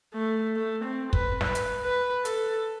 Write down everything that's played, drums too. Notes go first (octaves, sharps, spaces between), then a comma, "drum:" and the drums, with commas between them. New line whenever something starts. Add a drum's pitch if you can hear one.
A3
A3
C4
B4, drum: kick
B4, drum: snare
drum: hi-hat
B4
A4, drum: hi-hat